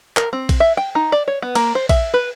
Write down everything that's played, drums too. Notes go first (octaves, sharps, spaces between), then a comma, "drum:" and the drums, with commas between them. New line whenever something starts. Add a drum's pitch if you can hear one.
A#4, drum: clap
C4
drum: kick A#1, cymbal
E5
G5
D#4
D5
C#5
B3
A#3, drum: cymbal
C5
E5, drum: kick A#1, cymbal
B4